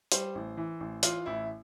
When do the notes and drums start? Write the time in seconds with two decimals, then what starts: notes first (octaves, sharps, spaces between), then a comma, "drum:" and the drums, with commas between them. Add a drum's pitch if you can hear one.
0.12 G3 C5, drum: hi-hat
0.35 A1
0.57 E3
0.80 A1
1.03 E3 F4, drum: hi-hat
1.26 A1 E4